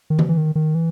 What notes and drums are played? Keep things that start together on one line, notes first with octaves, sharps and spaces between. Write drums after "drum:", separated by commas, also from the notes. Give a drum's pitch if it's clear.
D#3
E3, drum: tom D3
E3
D#3
D#3
E3